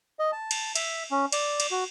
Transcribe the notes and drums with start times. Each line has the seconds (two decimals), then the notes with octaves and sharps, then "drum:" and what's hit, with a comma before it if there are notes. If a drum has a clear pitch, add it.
0.19 D#5
0.32 A5
0.51 drum: cymbal
0.75 E5, drum: cymbal
1.11 C#4
1.32 D5, drum: cymbal
1.60 drum: cymbal
1.71 F#4